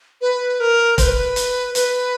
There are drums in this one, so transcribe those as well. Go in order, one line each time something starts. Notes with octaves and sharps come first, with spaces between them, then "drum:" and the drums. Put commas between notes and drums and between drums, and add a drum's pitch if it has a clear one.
B4
A#4
C5, drum: kick E1, hi-hat
B4
drum: hi-hat
B4, drum: hi-hat